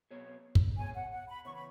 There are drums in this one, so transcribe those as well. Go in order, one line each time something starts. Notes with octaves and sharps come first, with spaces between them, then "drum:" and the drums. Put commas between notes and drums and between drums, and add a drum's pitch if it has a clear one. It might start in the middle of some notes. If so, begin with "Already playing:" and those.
B2 B3 G#4 C#5
drum: kick
B2 B3 G#4 C#5 G#5
F#5
F#5
B5
C#3 E3 B3 E4 C#5 C#6
B5